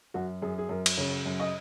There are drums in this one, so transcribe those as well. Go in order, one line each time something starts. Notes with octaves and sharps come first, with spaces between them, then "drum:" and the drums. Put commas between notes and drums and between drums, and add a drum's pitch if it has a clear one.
F#2 F#4
F#2 G#4
G#4
F#2 A#4
drum: cymbal
C#3 C#5
F#2
D#5